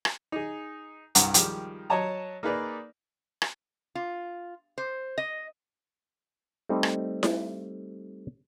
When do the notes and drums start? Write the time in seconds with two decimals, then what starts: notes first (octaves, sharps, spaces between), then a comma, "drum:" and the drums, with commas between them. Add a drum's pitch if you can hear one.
0.05 drum: rim click
0.32 D#4 G#4
1.15 C2 G2 F#5 A#5, drum: hi-hat
1.34 D#3 F3 G3 G#3, drum: hi-hat
1.90 F#3 C#5 D#5 A5 A#5
2.43 A#3 D#4 G#4 B4 D5
3.42 drum: rim click
3.95 F4
4.78 C5
5.18 D#5
6.69 G3 A3 C4 D#4
6.83 drum: rim click
7.23 drum: snare E4